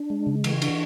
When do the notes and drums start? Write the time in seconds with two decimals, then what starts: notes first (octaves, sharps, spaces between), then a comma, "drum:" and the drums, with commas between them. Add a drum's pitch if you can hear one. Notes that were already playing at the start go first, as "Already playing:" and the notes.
Already playing: D4
0.10 G#3
0.27 C#3
0.44 E3, drum: cymbal
0.62 D4, drum: cymbal